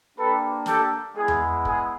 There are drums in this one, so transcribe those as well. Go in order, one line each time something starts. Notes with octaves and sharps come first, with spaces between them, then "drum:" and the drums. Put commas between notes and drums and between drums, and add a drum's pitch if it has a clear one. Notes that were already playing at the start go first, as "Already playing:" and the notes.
A#3 D4 G4 A4 B4
G4 A4, drum: snare
G#3 B3 E4 G#4
drum: tom E2
G#4, drum: kick